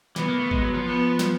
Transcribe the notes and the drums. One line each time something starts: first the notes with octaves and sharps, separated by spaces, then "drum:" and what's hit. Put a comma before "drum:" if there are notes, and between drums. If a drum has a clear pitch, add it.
E3 B3, drum: snare
A#3
A3
G#3, drum: kick G#1
F#3
F3
B3
drum: snare